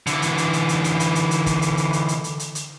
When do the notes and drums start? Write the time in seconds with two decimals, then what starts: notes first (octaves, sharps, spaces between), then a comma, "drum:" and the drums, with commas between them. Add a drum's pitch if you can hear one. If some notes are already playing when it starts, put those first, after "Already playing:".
0.07 D3 E3, drum: hi-hat
0.22 drum: hi-hat
0.38 drum: hi-hat
0.53 drum: hi-hat
0.69 drum: hi-hat
0.84 drum: hi-hat
1.00 drum: hi-hat
1.15 drum: hi-hat
1.31 drum: hi-hat
1.46 drum: kick, hi-hat
1.62 drum: hi-hat
1.77 drum: hi-hat
1.93 drum: hi-hat
2.08 drum: hi-hat
2.24 drum: hi-hat
2.39 drum: hi-hat
2.55 drum: hi-hat